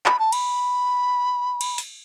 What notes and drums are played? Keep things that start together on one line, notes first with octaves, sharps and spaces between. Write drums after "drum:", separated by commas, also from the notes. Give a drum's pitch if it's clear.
B5, drum: clap
A5
B5, drum: cymbal
drum: cymbal
drum: hi-hat